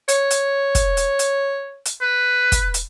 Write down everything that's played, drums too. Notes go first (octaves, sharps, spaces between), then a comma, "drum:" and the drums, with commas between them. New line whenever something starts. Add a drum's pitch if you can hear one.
C#5, drum: hi-hat
drum: hi-hat
drum: kick, hi-hat
drum: hi-hat
drum: hi-hat
drum: hi-hat
B4
drum: kick, hi-hat
drum: hi-hat